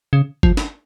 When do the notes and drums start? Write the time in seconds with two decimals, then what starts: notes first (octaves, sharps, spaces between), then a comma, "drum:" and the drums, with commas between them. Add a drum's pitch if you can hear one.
0.13 C#3
0.43 F3, drum: kick G1
0.57 drum: snare